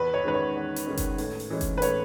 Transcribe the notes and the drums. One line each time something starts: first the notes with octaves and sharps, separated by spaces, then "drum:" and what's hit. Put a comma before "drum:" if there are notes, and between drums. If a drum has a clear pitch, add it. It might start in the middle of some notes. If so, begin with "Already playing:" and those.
Already playing: E2 B4
C#5
D#3 G#3 C#4 B4
C#5
E2
drum: hi-hat
D#3 G#3 C#4
drum: kick F#1, hi-hat
A2, drum: open hi-hat
drum: open hi-hat
E3 G#3 C#4
drum: kick F#1, hi-hat
B4
A2 C#5, drum: hi-hat